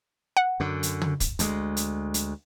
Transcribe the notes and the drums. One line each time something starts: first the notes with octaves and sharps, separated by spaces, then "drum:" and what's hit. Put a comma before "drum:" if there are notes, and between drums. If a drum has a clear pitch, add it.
F#5
F#2 D3
drum: hi-hat
drum: tom
drum: kick, hi-hat
D2 G#3, drum: hi-hat
drum: hi-hat
drum: hi-hat